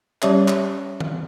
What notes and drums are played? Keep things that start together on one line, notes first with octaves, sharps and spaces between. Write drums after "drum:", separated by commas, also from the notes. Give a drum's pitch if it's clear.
G3 C#4 G4 C#5 E5, drum: clap
drum: clap
drum: tom D#3